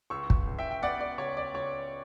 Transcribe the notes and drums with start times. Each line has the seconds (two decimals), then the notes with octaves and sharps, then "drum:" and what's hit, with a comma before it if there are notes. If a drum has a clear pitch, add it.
0.10 C#2 C#6 E6
0.30 drum: kick
0.47 C#2
0.59 E5 G5
0.71 G5
0.82 B3 D5 F#5
1.01 D5
1.18 C#2 C#5
1.37 D5
1.54 C#2 C#5